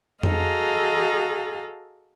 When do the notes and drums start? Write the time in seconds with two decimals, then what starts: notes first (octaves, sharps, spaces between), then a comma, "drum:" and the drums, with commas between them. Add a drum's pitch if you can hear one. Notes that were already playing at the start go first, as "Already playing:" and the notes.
0.23 F#4 G#4 A4 D#5 F5 A#5, drum: tom F2